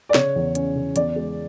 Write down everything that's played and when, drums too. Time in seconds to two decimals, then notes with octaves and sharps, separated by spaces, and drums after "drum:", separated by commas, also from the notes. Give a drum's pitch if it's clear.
0.09 D5
0.14 C#3 C#5, drum: snare
0.36 E2
0.55 C#4, drum: hi-hat
0.76 C#3
0.96 E2 D5, drum: hi-hat
1.16 G#3